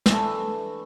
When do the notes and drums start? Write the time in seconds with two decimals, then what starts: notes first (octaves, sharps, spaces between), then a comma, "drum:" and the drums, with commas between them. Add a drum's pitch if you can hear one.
0.06 E3 A3 D4 A4, drum: snare